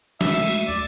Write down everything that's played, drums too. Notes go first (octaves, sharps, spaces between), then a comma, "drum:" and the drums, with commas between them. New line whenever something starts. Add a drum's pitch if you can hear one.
G#3 A3 F#4 E5, drum: snare
D#2 D5